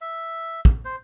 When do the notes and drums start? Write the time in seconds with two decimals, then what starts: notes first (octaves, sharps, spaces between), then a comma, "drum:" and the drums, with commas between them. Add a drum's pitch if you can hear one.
0.01 E5
0.65 drum: kick
0.85 C5